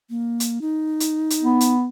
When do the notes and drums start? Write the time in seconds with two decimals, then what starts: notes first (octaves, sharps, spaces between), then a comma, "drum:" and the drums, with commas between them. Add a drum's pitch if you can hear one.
0.10 A#3
0.40 drum: hi-hat
0.61 D#4
1.00 drum: hi-hat
1.30 drum: hi-hat
1.42 B3
1.61 drum: hi-hat